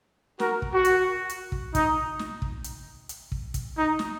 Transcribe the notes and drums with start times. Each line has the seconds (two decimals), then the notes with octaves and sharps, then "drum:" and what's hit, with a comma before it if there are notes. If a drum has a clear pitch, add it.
0.40 F#4 A#4, drum: snare
0.62 drum: kick
0.73 F#4
0.85 drum: hi-hat
1.29 drum: hi-hat
1.52 drum: kick
1.75 D#4, drum: kick, hi-hat
2.19 drum: snare
2.42 drum: kick
2.64 drum: hi-hat
3.09 drum: hi-hat
3.32 drum: kick
3.54 drum: kick, hi-hat
3.77 D#4
3.99 drum: snare